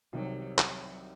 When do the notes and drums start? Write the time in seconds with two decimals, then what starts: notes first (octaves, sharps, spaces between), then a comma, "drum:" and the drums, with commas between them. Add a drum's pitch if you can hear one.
0.13 C2 C3 D#3 F#3
0.58 F#3, drum: clap